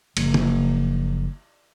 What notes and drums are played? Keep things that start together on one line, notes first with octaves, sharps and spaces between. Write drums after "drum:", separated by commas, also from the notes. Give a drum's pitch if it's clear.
F#1 F3, drum: cymbal
drum: tom